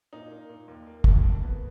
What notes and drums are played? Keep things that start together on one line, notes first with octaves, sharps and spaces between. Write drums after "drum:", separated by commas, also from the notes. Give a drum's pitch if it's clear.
A#2 D#4
A#3
A#2
D#2
A#3
D#2, drum: kick
F2
B3